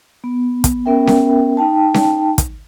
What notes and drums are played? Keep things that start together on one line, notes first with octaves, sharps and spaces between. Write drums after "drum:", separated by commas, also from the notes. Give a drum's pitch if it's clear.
B3
drum: kick, hi-hat
B3 C#4 A#4 E5 G5
drum: snare C#4
D#4 G5 A5
drum: snare C#4
drum: kick, hi-hat